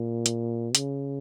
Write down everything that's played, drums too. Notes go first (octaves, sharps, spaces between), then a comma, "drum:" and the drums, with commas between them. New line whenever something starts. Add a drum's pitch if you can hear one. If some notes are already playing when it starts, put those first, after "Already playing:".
Already playing: A#2
drum: hi-hat
C#3, drum: hi-hat